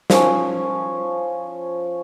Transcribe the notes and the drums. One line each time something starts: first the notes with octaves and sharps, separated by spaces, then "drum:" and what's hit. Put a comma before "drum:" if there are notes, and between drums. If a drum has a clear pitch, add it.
F3 C#4, drum: snare